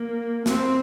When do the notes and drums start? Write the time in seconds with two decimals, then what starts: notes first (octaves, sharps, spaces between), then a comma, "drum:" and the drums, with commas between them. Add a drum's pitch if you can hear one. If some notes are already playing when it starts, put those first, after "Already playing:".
Already playing: A#3
0.46 C4, drum: snare